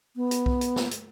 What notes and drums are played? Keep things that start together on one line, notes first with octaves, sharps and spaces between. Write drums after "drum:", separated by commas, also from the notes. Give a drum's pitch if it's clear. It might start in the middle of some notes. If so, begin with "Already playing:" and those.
B3
drum: hi-hat
drum: kick B1
drum: hi-hat
drum: snare
drum: hi-hat